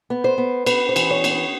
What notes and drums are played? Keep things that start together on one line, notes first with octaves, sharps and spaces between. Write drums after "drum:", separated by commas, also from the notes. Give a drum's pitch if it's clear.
B3
C5
B3
B3 B4, drum: cymbal
C5
E3, drum: cymbal
C#5
B3, drum: cymbal
C#5